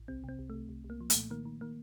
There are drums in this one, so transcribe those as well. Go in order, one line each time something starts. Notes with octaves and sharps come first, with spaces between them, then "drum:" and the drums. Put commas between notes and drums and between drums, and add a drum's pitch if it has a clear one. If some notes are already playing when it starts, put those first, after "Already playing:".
Already playing: A1
C2 C4
C3 C4
C2
C2 A3
C2
C2
A#3
F3
A3, drum: hi-hat
A#2
D#3 A#3
D#3
D#3 A#3